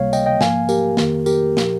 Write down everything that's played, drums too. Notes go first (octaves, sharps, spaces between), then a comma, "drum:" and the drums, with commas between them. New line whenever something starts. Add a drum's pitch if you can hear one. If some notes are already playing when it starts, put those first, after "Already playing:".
Already playing: C#2 C3 G3 A#3 C#5 F5
D#5 G5, drum: tambourine
D#5 G5
G#2 F3 A#3 F5 G#5, drum: snare
G4 A#4, drum: tambourine
F2 D#3 A#3, drum: snare
G4 A#4, drum: tambourine
A#2 F3, drum: snare